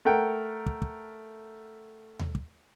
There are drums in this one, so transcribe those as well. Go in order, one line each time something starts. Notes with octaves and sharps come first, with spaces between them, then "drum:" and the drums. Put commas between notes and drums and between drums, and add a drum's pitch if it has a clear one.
A3 A#4 F#5 G5
drum: kick
drum: kick
drum: tom D#2
drum: kick